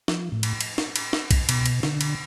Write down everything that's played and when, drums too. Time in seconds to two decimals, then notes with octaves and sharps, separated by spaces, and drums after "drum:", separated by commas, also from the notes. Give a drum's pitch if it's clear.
0.08 F3, drum: snare
0.32 A2
0.43 drum: cymbal
0.61 drum: cymbal
0.78 drum: snare
0.96 drum: cymbal
1.13 drum: snare
1.31 drum: kick B1, cymbal
1.49 B2, drum: cymbal
1.66 drum: cymbal
1.83 D3, drum: snare
2.01 drum: cymbal